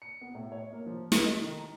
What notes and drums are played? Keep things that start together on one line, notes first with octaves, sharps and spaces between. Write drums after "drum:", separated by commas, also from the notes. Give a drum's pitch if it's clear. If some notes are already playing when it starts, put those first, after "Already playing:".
C#7
B3
A2
C#5
A#3
F3
A3, drum: snare
D#5
D#3
A#5